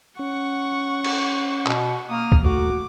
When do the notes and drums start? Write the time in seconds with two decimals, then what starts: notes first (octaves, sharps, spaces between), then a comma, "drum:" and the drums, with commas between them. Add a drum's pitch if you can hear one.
0.19 C#4 F#5 C#6
1.04 drum: cymbal
1.67 B2, drum: clap
2.10 A#3 D#6 F6
2.32 drum: kick
2.45 D#2 A3 F#4 D6